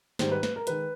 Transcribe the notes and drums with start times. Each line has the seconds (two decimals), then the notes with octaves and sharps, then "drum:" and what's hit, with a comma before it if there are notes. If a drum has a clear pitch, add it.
0.19 G#2 D#3 G3 C5, drum: snare
0.32 B4
0.43 B4, drum: snare
0.56 A#4
0.67 D#3 G#3 B4, drum: hi-hat